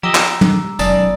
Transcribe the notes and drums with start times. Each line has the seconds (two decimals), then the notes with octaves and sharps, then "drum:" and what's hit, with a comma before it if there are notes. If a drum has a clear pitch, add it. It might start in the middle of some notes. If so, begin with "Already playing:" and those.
0.03 F3 G4 D#5 A#5 D6 E6
0.15 drum: clap
0.41 drum: tom
0.79 F1 B1 F#2 G#3 D5 A5 D#6, drum: tambourine